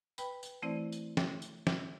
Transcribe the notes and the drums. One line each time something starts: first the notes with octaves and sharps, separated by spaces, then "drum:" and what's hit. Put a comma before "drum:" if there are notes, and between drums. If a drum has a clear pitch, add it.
B4 G5 B5, drum: tambourine
drum: tambourine
E3 A3 C4 E4 C5 D5
drum: tambourine
drum: snare
drum: tambourine
drum: snare